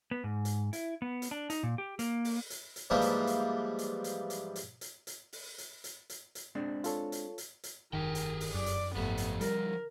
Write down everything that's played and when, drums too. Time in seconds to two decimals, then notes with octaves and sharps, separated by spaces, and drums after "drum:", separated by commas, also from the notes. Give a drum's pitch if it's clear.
0.11 B3
0.24 G#2
0.45 drum: hi-hat
0.73 E4, drum: hi-hat
1.02 B3
1.22 drum: hi-hat
1.31 D4
1.50 D#4, drum: hi-hat
1.63 A#2
1.78 G4
1.99 A#3, drum: hi-hat
2.25 drum: open hi-hat
2.50 drum: hi-hat
2.76 drum: hi-hat
2.90 G#2 E3 F3 G3 A#3
3.02 drum: hi-hat
3.27 drum: hi-hat
3.79 drum: hi-hat
4.04 drum: hi-hat
4.30 drum: hi-hat
4.56 drum: hi-hat
4.81 drum: hi-hat
5.07 drum: hi-hat
5.33 drum: open hi-hat
5.58 drum: hi-hat
5.84 drum: hi-hat
6.10 drum: hi-hat
6.35 drum: hi-hat
6.55 G#3 C4 D4
6.84 F4 A4 C#5, drum: hi-hat
7.12 drum: hi-hat
7.38 drum: hi-hat
7.64 drum: hi-hat
7.93 F1 G2 D#3 G4 G#4 A#4 G5
8.15 drum: hi-hat
8.40 drum: open hi-hat
8.55 F#2 D5
8.66 drum: hi-hat
8.96 G#1 C#3 F3 A3 B3 G4
9.17 drum: hi-hat
9.41 D3 G3 A#4, drum: hi-hat